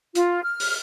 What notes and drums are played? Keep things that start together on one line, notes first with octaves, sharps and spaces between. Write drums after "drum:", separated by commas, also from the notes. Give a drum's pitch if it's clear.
F4, drum: hi-hat
F6
drum: open hi-hat